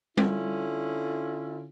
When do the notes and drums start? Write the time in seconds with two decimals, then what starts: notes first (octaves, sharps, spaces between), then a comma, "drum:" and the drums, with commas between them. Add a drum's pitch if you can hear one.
0.17 D3 C#4 E4 F4, drum: tom G3